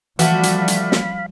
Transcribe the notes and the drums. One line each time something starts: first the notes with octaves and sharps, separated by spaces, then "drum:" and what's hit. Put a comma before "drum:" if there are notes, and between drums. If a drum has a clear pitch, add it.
D3 E3 F3 G3 A3 F#4 F5 B5, drum: hi-hat
drum: hi-hat
drum: hi-hat
drum: snare